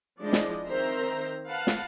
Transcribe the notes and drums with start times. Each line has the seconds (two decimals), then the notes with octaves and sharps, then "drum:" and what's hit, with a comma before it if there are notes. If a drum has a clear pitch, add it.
0.21 F3 G#3 D4 E4 D5 D#5
0.33 drum: snare
0.67 D#3 C4 A#4 C5 E5 A#5
1.48 B4 F5 F#5 A5
1.67 drum: snare